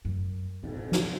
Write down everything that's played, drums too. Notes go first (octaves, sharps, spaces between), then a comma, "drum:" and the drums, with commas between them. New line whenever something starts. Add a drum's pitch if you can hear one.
F#2
A1 B2, drum: cymbal
drum: snare